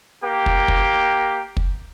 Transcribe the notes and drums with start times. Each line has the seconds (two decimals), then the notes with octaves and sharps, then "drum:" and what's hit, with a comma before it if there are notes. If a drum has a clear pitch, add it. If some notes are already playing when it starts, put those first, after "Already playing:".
0.24 A#3 G4 G5
0.46 drum: kick
0.68 drum: kick
1.57 drum: kick